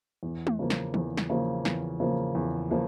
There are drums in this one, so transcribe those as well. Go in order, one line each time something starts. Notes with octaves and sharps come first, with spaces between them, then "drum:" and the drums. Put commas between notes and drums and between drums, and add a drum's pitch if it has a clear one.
E2
drum: tom G#3
C#3 F3 A#3
drum: snare
E2, drum: tom E3
drum: snare
C#3 F3 A#3
E2, drum: snare
C#3 F3 A#3
E2
C#3 F3 A#3